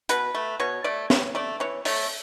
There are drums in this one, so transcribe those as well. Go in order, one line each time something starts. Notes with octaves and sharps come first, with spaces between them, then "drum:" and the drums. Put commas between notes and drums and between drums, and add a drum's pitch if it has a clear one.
B2 B4, drum: hi-hat
A3
B2 C#5
A3 D5
E3 C#5, drum: snare
A3 D5
E3 C#5
A3 C#5, drum: open hi-hat